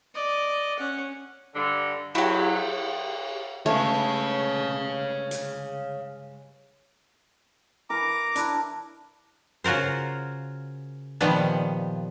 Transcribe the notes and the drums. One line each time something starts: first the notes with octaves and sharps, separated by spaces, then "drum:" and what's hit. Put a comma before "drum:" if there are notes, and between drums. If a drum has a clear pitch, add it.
D5 D#5
C#4 F#5
G2 D3
F#3 E4 G4, drum: cymbal
G2 C#3 G#3 A3 C#5 F5
drum: hi-hat
E3 A#4 A#5 D6
D4 E4, drum: hi-hat
C#3 F4 F#4 A#4 C5
A#2 D#3 F3 G3 B3